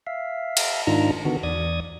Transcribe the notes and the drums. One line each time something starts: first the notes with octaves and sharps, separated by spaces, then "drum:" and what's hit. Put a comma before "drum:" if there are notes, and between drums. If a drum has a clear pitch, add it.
E5 F5
drum: cymbal
G#2 D#3 D4 D#4 F4 A#5
D3 D#3 B3 F#4
E2 D5 D#6 G#6